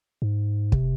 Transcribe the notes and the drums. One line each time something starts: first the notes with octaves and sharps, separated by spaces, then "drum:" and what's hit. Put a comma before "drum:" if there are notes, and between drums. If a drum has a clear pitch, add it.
G#2
C3, drum: kick